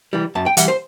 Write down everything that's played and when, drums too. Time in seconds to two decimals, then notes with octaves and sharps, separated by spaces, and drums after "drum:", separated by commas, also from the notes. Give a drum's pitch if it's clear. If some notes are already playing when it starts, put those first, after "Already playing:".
0.13 E3 G3
0.35 F#2 A5
0.46 G5
0.57 E3 G3 F#5, drum: hi-hat
0.68 C5